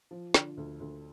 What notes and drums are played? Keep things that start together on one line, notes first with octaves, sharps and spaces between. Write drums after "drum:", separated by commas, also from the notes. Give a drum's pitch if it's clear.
F3
D3, drum: snare
D2
D2